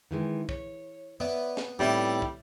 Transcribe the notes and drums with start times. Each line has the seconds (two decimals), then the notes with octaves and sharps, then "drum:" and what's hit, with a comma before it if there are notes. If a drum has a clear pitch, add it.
0.11 D#3 E3 G#3
0.49 C#5, drum: kick
1.20 B3 C#5 D5 E5
1.57 drum: snare
1.79 A2 G3 B3 C4 D#4 E4 A5
2.22 drum: kick